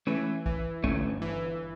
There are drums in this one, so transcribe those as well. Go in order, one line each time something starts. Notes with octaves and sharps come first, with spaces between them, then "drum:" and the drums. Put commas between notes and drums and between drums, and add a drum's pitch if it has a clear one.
E3 A3 C#4
E3, drum: kick A1
G1 A3 C#4, drum: kick A1
E3